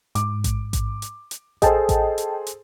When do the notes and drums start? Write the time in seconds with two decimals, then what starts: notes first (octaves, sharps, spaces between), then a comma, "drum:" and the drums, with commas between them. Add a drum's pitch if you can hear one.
0.15 G#2 D6, drum: hi-hat
0.44 drum: kick A1, hi-hat
0.73 drum: kick A1, hi-hat
1.02 drum: hi-hat
1.31 drum: hi-hat
1.62 G#4 A4 C5 D#5 G5 A5, drum: kick A1, hi-hat
1.89 drum: kick A1, hi-hat
2.18 drum: hi-hat
2.47 drum: hi-hat